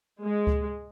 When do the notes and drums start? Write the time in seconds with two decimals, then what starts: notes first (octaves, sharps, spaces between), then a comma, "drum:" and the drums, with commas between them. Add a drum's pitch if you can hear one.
0.22 G#3
0.47 drum: kick C#2